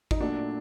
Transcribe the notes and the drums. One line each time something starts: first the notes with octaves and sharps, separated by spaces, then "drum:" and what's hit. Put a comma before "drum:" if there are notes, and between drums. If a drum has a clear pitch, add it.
D#4, drum: kick G#1
A#2 F#3 A3 D4